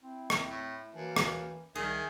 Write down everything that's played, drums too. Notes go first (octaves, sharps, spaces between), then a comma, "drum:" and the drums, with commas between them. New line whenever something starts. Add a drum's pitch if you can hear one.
C4 E4
drum: rim click
A2
F#2 E3 A#3 A5
drum: rim click
C2 D#3 G#4 E5